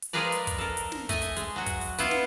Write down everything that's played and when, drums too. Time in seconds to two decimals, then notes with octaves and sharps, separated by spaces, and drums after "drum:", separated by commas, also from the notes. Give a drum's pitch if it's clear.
0.02 drum: hi-hat
0.13 F3 G#3 G#4 A#4 B4 D5
0.32 drum: hi-hat
0.47 drum: kick, hi-hat
0.58 A4 A#4
0.77 drum: hi-hat
0.92 drum: snare
1.09 A3 D#5 G#5, drum: kick, hi-hat
1.22 drum: hi-hat
1.37 G#3, drum: hi-hat
1.56 F#3 F#4
1.66 drum: kick, hi-hat
1.81 drum: open hi-hat
1.98 B3 E4 F4, drum: hi-hat
2.11 drum: snare